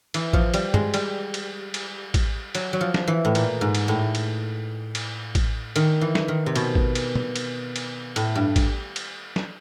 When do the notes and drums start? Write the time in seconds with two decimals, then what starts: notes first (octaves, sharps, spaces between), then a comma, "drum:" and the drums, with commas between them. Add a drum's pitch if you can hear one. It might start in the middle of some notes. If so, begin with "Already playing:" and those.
0.14 E3, drum: cymbal
0.33 F3, drum: kick A1
0.54 G3, drum: cymbal
0.74 G#3, drum: tom G2
0.94 G3, drum: cymbal
1.34 drum: cymbal
1.74 drum: cymbal
2.14 drum: kick A1, cymbal
2.55 F#3, drum: cymbal
2.73 F#3
2.81 F3
2.94 drum: snare
3.08 E3
3.25 A2
3.35 A#2, drum: cymbal
3.61 G#2
3.75 drum: cymbal
3.88 A2
4.15 drum: cymbal
4.95 drum: cymbal
5.35 drum: kick A1, cymbal
5.76 D#3, drum: cymbal
6.01 E3
6.15 drum: snare
6.28 D#3
6.46 C3
6.55 B2, drum: cymbal
6.75 drum: kick A1
6.95 drum: cymbal
7.15 drum: tom
7.36 drum: cymbal
7.76 drum: cymbal
8.16 A2, drum: cymbal
8.35 G2
8.56 drum: kick A1, cymbal
8.96 drum: cymbal
9.36 drum: snare